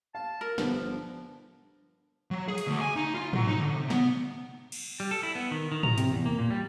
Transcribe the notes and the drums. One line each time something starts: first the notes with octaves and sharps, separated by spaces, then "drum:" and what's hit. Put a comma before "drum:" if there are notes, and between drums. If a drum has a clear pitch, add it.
F5 A5
A#4
G1 D3 F3 B3, drum: snare
F#3
G#4
drum: hi-hat
D2
G#5
D#4
F4
F#3, drum: tom
D#4
D3
C3
B3, drum: snare
drum: cymbal
G3
A4
E4
B3
D#3
D#3
A#5, drum: tom
C3, drum: hi-hat
E2
A#3
A#2
G3